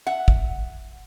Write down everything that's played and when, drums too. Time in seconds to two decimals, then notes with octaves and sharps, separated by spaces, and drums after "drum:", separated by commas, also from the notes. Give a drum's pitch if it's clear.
0.07 E5 F#5
0.28 drum: kick